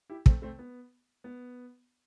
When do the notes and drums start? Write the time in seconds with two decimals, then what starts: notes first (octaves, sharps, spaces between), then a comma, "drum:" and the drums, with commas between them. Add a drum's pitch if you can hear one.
0.10 E4 G4
0.26 A3 C4, drum: kick
0.42 A3 C4
0.59 B3
1.24 B3